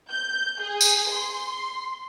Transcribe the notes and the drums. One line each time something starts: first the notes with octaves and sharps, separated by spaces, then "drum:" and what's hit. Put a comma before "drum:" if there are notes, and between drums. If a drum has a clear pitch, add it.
G6
G#4
drum: tambourine
C6